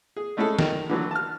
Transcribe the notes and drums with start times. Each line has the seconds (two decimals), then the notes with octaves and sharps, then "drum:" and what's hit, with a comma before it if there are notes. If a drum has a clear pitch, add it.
0.17 G#4
0.37 G#3 A3 C#4 E4 G#4 A4
0.59 D#3, drum: snare
0.90 D3 E3 F#3
1.11 A5 F6